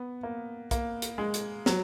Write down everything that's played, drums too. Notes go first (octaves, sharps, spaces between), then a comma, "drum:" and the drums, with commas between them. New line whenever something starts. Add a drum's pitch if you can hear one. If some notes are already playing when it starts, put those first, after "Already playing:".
Already playing: B3
A#3
A#3, drum: kick, hi-hat
drum: hi-hat
G#3
drum: hi-hat
F#3, drum: snare